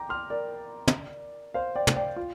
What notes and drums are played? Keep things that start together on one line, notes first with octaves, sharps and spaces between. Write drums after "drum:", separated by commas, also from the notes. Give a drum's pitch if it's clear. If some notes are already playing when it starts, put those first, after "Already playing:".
Already playing: G5 A#5 D6
C6 F6
A#4 D5
drum: tom
C5 F5
D5 G5
drum: tom
D5 G5
F4